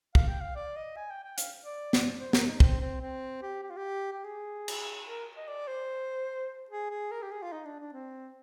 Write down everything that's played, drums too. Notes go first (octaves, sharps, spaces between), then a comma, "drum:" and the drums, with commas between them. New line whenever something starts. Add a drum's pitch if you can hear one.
F5, drum: kick
G5
F5
D5
D#5
G#5
G5
G5
F5, drum: hi-hat
D5
drum: snare
C5
A#4, drum: snare
D#4
C4, drum: kick
C4
C4
G4
G4
F4
G4
G4
G#4
drum: cymbal
A#4
D#5
D5
C5
G#4
G#4
A#4
G4
G#4
F4
D#4
D4
D4
C4